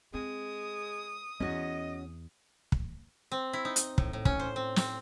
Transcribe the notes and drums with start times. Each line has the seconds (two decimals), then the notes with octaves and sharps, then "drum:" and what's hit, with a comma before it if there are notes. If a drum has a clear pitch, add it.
0.14 G#3 C4 D#6
1.40 E2 C#4 F#4 D#5
2.72 drum: kick
3.32 C4
3.53 E4
3.65 D#4
3.76 drum: hi-hat
3.98 A2, drum: kick
4.13 A2
4.25 C#4, drum: kick
4.39 C5
4.56 C4
4.76 C4, drum: snare